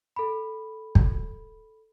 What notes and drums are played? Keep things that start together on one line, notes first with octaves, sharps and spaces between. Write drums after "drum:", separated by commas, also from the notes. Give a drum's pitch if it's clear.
A4 B5
drum: kick